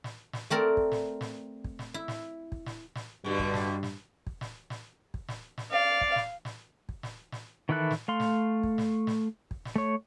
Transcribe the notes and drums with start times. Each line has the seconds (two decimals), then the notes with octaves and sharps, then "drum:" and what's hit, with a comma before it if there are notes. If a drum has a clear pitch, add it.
0.04 drum: snare
0.33 drum: snare
0.50 A3 C4 A#4 D5
0.77 drum: kick
0.92 drum: snare
1.21 drum: snare
1.64 drum: kick
1.79 drum: snare
1.94 E4
2.08 drum: snare
2.52 drum: kick
2.66 drum: snare
2.95 drum: snare
3.24 G2 B2 D3 G3
3.39 drum: kick
3.54 drum: snare
3.83 drum: snare
4.27 drum: kick
4.41 drum: snare
4.70 drum: snare
5.14 drum: kick
5.28 drum: snare
5.58 drum: snare
5.72 D5 F5
6.01 drum: kick
6.16 drum: snare
6.45 drum: snare
6.89 drum: kick
7.03 drum: snare
7.32 drum: snare
7.69 D#3 E3 E4 A4 F#6
7.91 drum: snare
8.08 A3 F5 C6
8.20 drum: snare
8.63 drum: kick
8.78 drum: snare
9.07 drum: snare
9.51 drum: kick
9.65 drum: snare
9.76 A3 C#5